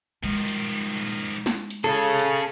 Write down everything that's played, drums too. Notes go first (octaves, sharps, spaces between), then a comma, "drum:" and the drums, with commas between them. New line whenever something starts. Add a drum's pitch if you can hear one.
D#3 F3 G#3, drum: hi-hat
drum: hi-hat
drum: hi-hat
drum: hi-hat
drum: open hi-hat
drum: snare
drum: hi-hat
C#3 C#4 G#4 A4
drum: hi-hat
drum: hi-hat